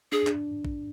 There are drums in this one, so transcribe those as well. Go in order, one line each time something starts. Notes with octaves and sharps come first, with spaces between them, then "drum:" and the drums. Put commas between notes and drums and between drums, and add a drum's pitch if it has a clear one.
D4 G#4
D4, drum: clap
drum: kick A#1